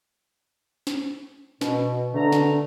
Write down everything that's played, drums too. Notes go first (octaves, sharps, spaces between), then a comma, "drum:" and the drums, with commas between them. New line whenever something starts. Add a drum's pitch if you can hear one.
drum: snare
B2, drum: snare
B2 D3 A3 A#5
drum: snare